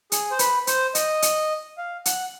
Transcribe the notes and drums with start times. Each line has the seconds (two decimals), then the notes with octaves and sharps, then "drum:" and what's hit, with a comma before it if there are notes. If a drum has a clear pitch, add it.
0.12 G#4, drum: hi-hat
0.31 C5
0.39 B4, drum: hi-hat
0.67 C5, drum: hi-hat
0.95 D#5, drum: hi-hat
1.22 drum: hi-hat
1.78 F5
2.05 F#5, drum: hi-hat